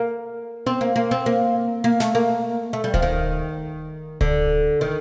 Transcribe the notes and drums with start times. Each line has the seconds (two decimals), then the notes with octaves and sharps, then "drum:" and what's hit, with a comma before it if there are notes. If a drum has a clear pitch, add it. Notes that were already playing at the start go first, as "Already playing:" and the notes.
Already playing: A#3
0.67 C4, drum: tom B3
0.81 A#3
0.96 A#3
1.11 C4
1.26 A#3
1.84 A#3
2.00 A3, drum: snare
2.15 A#3
2.73 A3
2.84 G3
2.94 F3, drum: kick D1
3.02 D#3
4.21 D3, drum: kick D1
4.81 D#3